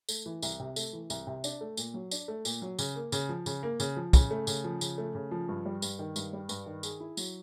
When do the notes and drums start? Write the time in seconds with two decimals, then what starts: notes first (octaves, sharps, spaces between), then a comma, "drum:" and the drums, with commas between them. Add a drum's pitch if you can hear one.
0.09 A3, drum: tambourine
0.26 E3
0.42 C2, drum: tambourine
0.60 C3
0.76 A3, drum: tambourine
0.93 E3
1.10 C2, drum: tambourine
1.27 C3
1.44 D4, drum: tambourine
1.61 A3
1.77 A#2, drum: tambourine
1.94 F#3
2.11 D4, drum: tambourine
2.28 A3
2.45 A#2, drum: tambourine
2.62 F#3
2.79 C#3, drum: tambourine
2.95 A#3
3.12 C#3, drum: tambourine
3.29 F3
3.46 C#3, drum: tambourine
3.63 A#3
3.80 C#3, drum: tambourine
3.97 F3
4.13 C#3, drum: kick, tambourine
4.31 A3
4.47 C#3, drum: tambourine
4.64 F3
4.81 C#3, drum: tambourine
4.98 A3
5.15 C#3
5.31 F3
5.49 G2
5.65 G3
5.82 G2, drum: tambourine
5.99 D#3
6.16 G2, drum: tambourine
6.33 G3
6.49 G2, drum: tambourine
6.66 D#3
6.83 G#4, drum: tambourine
7.00 E4
7.17 F#3, drum: tambourine